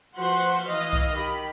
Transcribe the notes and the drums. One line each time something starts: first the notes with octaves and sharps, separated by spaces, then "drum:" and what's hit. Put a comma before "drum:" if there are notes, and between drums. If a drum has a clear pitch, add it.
F3 F#4 B4 C5 F#5 C6
E3 D#5 F5
drum: kick C2
D#3 G4 B5